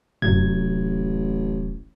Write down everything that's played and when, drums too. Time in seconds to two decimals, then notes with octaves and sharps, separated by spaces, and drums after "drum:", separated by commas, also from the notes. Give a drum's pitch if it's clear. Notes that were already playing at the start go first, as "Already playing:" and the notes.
0.22 D1 A1 C3 F#3 G#6, drum: tom F2